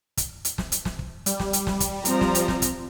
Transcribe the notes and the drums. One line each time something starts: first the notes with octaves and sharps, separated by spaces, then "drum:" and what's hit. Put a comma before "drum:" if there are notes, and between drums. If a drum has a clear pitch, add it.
drum: kick, hi-hat
drum: hi-hat
drum: snare
drum: hi-hat
drum: snare
drum: kick
G3, drum: hi-hat
drum: snare
drum: hi-hat
drum: snare
drum: kick, hi-hat
F3 C4 A#5, drum: hi-hat
drum: snare
drum: hi-hat
drum: snare
drum: kick, hi-hat